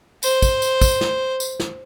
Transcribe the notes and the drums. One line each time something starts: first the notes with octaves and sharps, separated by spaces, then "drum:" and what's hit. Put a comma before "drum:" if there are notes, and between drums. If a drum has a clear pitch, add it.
C5, drum: tambourine
drum: kick, tambourine
drum: tambourine
drum: kick, tambourine
drum: snare
drum: tambourine
drum: snare